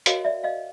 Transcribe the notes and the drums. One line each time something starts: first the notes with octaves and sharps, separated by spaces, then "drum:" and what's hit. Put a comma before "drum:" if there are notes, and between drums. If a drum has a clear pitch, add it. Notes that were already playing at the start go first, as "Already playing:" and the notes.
F#4 A#4 C#5 D#5 F5, drum: hi-hat
D5 E5
D#5 F5